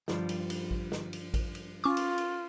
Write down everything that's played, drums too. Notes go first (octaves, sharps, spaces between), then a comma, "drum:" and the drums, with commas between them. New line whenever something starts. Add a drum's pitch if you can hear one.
G2 F3 G3, drum: snare
drum: cymbal
drum: cymbal
drum: kick A1
drum: snare
drum: cymbal
drum: kick A1, cymbal
drum: cymbal
C#4 F4 C#6 D6
drum: cymbal
drum: cymbal